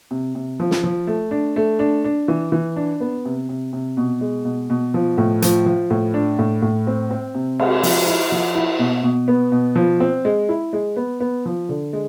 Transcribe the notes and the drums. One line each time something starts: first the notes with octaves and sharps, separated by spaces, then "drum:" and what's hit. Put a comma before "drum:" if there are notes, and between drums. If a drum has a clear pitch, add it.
C3
C3
F3
drum: snare
F3
A3
D4
A3
D4
D4
E3
E3
D4
B3
C3
C3
C3
B2
G#3
B2
B2
F3
A2
F3, drum: hi-hat
F3
A2
D4
A2
A2
C4
C4
C3
G#3, drum: cymbal
F3, drum: open hi-hat
E4
F3
E4
B2
B2
B3
B2
F3
C4
G#3
E4
G#3
B3
B3
F3
D3
G#3